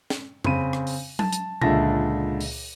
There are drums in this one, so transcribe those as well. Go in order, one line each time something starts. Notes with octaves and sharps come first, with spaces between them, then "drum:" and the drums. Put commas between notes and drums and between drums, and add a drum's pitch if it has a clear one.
drum: snare
C#3 C4 B5 D#7, drum: tom F2
drum: rim click
drum: open hi-hat
A5, drum: tom F#3
drum: hi-hat
C#2 A#2 D3 E5 A5 A#6, drum: tom A#2
drum: open hi-hat